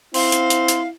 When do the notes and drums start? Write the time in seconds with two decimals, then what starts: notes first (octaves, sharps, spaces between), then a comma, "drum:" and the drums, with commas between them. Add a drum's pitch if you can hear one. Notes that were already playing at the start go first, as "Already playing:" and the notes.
0.14 C4 E4 F5 C6, drum: open hi-hat
0.32 drum: hi-hat
0.50 drum: hi-hat
0.68 drum: hi-hat